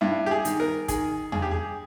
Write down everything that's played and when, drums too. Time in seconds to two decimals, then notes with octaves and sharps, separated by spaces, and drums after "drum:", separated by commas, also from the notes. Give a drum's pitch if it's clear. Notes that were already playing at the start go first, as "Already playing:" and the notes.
0.01 G2 E4
0.26 G4
0.31 G#4
0.45 D#3, drum: hi-hat
0.60 A#4
0.88 D#3 G#4, drum: kick, hi-hat
1.32 G2 G#4, drum: tom E2
1.42 G4
1.51 G#4